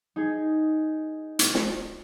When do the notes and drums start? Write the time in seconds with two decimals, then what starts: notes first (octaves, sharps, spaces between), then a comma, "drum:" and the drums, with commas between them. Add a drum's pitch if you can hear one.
0.16 D#4 G#4
1.39 drum: hi-hat
1.55 drum: snare